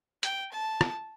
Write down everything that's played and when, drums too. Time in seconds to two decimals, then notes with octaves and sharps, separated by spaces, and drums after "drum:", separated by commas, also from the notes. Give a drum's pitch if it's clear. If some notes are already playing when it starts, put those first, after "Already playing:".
0.23 G5, drum: hi-hat
0.52 A5
0.81 drum: rim click